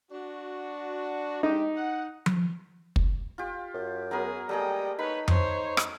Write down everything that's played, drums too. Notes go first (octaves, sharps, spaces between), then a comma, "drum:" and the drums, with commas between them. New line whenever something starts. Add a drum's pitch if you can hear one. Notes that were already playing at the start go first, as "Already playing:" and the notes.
D4 F#4
G#3 D#4 G4
F#5
drum: tom F3
drum: kick
F4 G4
F#2
F#3 B3 G#4 A#4
G3 A3 A#3 G#4 D#5 G5
D#4 B4 C#5 B5
C5 C#5, drum: tom F2
drum: rim click